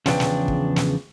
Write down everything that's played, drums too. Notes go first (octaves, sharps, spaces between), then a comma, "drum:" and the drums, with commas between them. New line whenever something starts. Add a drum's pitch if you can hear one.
E2 C#3 F3 D4 B4 G5, drum: snare
drum: snare
drum: kick
drum: snare